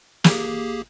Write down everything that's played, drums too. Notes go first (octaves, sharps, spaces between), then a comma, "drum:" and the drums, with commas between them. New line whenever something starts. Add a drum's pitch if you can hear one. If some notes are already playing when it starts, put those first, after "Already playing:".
A#3 G4 G#4, drum: snare